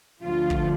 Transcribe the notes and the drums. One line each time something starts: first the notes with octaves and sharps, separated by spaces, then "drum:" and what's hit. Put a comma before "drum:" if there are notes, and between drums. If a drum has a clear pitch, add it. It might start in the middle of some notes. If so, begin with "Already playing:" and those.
D2 D3 F3 F4
drum: kick